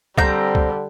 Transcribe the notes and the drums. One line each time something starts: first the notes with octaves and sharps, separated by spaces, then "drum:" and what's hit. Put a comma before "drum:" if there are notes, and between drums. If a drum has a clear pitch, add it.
D3 G3 C4 A#5 G6, drum: kick C#2
drum: kick C#2